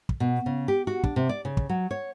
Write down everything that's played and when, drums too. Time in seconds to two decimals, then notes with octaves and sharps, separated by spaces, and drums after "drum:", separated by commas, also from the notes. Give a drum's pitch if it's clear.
0.09 drum: kick
0.20 B2
0.46 C#3
0.68 G4
0.87 F#4
1.04 D4, drum: kick
1.16 C3
1.29 D5
1.45 C#3
1.57 drum: kick
1.69 F#3
1.91 C#5